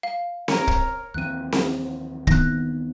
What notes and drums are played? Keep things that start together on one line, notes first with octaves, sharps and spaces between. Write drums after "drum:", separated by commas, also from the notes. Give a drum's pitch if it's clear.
F5
A#4 C#5, drum: snare C4
drum: kick
D#2 E3 C4 F#6 D#7
drum: snare C4
D#3 B3 F#6 A#6, drum: kick